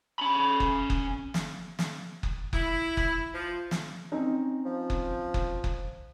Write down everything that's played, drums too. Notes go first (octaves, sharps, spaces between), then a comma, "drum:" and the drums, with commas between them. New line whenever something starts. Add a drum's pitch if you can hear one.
C#4 B5
drum: kick F#1
drum: kick F#1
drum: snare
drum: snare
drum: kick F#1
E4, drum: kick F#1
drum: kick F#1
F3
drum: snare
C4 C#4 D#4
F3
drum: kick F#1
drum: kick F#1
drum: kick F#1